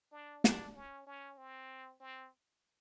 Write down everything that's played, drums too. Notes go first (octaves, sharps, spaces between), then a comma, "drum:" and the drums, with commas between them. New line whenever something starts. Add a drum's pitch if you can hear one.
D4
D4, drum: snare
C#4
C#4
C4
C4